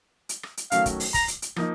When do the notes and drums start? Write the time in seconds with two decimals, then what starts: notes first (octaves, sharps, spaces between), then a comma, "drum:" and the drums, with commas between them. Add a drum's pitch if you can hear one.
0.29 drum: hi-hat
0.43 drum: rim click
0.57 drum: hi-hat
0.72 D#3 F#3 A3 C#4 F#4 F5, drum: hi-hat
0.86 drum: kick, hi-hat
1.00 drum: open hi-hat
1.14 A#5, drum: kick, hi-hat
1.28 drum: hi-hat
1.42 drum: hi-hat
1.56 F3 A#3 D#4, drum: rim click